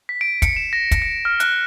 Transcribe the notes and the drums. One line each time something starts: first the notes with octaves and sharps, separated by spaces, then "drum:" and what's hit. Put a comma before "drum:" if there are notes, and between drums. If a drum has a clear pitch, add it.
B6
D7
C#7, drum: kick, hi-hat
E7
A#6
drum: kick, hi-hat
C#7
F6
F#6, drum: hi-hat